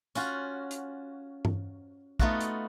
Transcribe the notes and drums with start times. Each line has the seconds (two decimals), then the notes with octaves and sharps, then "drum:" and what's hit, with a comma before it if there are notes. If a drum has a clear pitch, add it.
0.15 C#4 F4 F#4, drum: tambourine
0.71 drum: hi-hat
1.45 drum: tom G2
2.20 A3 B3 D#4 F4 F#4, drum: kick
2.41 drum: hi-hat